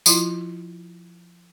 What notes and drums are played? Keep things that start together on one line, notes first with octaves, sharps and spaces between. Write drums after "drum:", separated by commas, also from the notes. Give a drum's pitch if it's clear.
F3 E4 F4, drum: tambourine